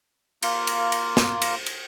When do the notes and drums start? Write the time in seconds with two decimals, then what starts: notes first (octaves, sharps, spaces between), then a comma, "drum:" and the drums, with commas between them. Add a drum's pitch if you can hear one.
0.42 A#3 F4, drum: cymbal
0.67 drum: cymbal
0.92 drum: cymbal
1.17 drum: snare
1.42 drum: cymbal
1.66 drum: cymbal